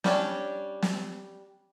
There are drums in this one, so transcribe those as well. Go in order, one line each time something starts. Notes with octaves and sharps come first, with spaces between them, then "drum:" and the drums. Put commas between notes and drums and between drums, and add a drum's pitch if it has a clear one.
G3 C#4 D4, drum: snare
drum: snare